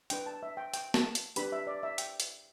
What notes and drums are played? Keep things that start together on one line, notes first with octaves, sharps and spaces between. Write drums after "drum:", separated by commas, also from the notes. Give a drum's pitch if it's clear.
D4 B4 G5, drum: hi-hat
A5
E5
G5
G5, drum: hi-hat
A5, drum: snare
drum: hi-hat
D4 G4 B4 B5, drum: hi-hat
E5
D5
E5
G5, drum: hi-hat
drum: hi-hat